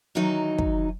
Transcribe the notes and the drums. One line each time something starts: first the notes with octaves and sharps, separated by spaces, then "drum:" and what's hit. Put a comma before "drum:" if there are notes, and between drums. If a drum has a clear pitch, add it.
D#3 E3 F#3 D#4 A#5
drum: kick